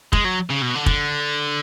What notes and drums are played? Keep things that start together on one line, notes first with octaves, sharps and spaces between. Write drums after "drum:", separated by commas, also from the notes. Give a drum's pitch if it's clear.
G#3, drum: kick
F#3
C#3
B2
D3
D3, drum: kick